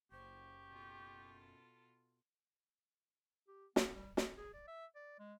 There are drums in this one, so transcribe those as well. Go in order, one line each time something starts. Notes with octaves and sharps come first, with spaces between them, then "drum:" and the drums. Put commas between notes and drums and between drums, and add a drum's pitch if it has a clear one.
F#1 G4 C5 C#6
B2 F4 A4
G4
B3, drum: snare
G3
D#5, drum: snare
G#4
D5
E5
D5
G#3